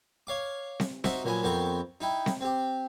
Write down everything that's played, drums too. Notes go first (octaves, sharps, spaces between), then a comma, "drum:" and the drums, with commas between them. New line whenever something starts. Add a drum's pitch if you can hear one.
C#5 F5 D6
drum: snare C4
D#4 F#4 C5 E5 F#5, drum: snare C4
A#2 F3 F#3 B3 G#5
F2 B3 C4 A#4 C#6
D#4 E4 G5
drum: snare C4
C4 G4